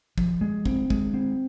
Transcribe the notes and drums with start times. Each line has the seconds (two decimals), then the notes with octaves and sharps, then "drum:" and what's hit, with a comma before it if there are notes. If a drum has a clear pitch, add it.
0.18 F3, drum: kick
0.41 G#3
0.66 C4, drum: kick
0.90 G#3, drum: kick
1.14 C4